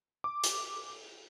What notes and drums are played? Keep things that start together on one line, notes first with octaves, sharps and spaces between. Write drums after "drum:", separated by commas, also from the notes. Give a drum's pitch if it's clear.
D6
drum: hi-hat